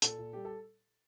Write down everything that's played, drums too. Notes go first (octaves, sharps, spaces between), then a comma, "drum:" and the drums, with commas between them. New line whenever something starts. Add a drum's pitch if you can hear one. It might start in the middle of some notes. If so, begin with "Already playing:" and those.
A#2 A4, drum: hi-hat
A#2
G3 G4
A4